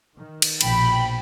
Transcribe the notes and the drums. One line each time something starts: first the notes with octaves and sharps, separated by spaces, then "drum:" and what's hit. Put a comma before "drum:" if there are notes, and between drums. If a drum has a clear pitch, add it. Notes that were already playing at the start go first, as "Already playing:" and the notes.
D#3
drum: cymbal
A#1 B2 F3 G5 B5, drum: cymbal